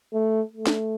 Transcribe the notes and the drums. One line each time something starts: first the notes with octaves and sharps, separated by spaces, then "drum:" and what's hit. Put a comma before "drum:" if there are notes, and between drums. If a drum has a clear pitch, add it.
A3
A3
drum: snare